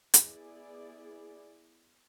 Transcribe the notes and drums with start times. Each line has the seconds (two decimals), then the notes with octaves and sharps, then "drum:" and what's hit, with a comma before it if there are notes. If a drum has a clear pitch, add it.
0.14 B3 E4 G#4 D5, drum: hi-hat